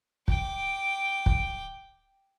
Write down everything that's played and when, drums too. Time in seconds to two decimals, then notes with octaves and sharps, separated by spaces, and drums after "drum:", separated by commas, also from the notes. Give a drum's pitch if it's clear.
0.28 G5 D6, drum: kick
1.26 drum: kick